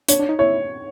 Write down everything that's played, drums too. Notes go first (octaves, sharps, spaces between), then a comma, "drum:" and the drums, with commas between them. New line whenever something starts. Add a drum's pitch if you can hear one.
D4 C#5, drum: hi-hat
D4
D#4
E4 C#5